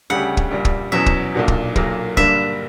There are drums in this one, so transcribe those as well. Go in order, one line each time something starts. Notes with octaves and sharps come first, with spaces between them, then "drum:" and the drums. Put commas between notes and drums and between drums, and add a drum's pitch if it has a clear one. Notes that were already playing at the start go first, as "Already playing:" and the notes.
D2 C#3 G3 C#4 G4 F#5
drum: kick
A#1 A#2 G3
drum: kick
E2 B2 F#3 C#4 E5
drum: kick
B1 A#2 A#3 D4 F#4
drum: kick
B1 A#2 F#3 A#3, drum: kick
G2 D3 G3 A#3 D4 E5, drum: kick